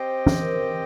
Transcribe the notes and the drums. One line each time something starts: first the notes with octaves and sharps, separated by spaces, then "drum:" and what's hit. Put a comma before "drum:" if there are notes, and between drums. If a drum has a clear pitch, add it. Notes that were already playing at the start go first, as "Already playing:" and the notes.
Already playing: C4 G4 C5 D#5 G5
drum: tom
A#4